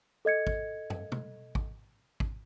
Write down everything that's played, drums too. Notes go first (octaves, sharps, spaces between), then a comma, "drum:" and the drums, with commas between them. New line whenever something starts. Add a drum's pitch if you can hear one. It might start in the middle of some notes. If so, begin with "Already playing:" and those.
A4 D#5 G#6 C#7
drum: kick
drum: tom
drum: tom
drum: kick
drum: kick